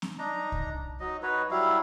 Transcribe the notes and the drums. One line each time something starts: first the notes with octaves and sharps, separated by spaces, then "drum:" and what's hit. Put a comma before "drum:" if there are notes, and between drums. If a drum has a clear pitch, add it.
drum: snare C4
D4 D#4 A#5
drum: kick C2
F#3 D#4 D#5
D#4 F#4 B4 C#5
F#3 G3 E4 F5